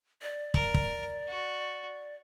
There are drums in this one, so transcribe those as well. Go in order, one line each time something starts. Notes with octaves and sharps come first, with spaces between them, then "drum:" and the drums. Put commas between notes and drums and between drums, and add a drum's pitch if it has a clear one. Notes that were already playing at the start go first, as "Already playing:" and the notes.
D5
A#4, drum: kick
drum: kick
F#4